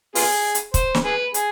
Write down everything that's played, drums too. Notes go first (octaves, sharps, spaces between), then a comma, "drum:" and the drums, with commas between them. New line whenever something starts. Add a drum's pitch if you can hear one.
B3 F4 G#4, drum: open hi-hat
drum: hi-hat
C5, drum: kick, hi-hat
drum: snare
G#4 B4
G#4, drum: hi-hat